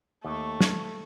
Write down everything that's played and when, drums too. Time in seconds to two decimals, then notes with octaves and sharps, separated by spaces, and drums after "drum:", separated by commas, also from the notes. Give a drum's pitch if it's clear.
0.25 D#2 A3 C#6
0.60 drum: snare